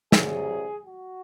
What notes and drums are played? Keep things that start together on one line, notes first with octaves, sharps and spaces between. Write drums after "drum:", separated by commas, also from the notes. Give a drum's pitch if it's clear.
C2 C3 F#3 G#4, drum: snare
F#4